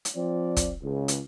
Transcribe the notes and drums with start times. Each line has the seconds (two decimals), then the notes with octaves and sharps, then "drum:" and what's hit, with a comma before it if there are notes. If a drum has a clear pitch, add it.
0.05 drum: hi-hat
0.15 F3 C4 D5
0.57 drum: kick, hi-hat
0.82 C#2
1.08 drum: hi-hat